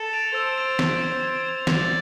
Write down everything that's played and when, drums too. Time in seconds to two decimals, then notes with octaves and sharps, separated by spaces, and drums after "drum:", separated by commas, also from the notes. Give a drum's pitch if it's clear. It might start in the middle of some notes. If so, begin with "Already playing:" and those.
Already playing: A4
0.13 A6 D7 F7
0.35 C5 E6
0.58 A6 D7 F7
0.79 G#6, drum: snare
1.00 D7 F7
1.23 G#6
1.45 D7 F7
1.67 D5 G#6, drum: snare